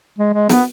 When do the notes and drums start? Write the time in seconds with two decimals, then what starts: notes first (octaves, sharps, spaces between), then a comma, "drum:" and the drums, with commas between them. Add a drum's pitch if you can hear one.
0.19 G#3
0.34 G#3
0.49 B3, drum: snare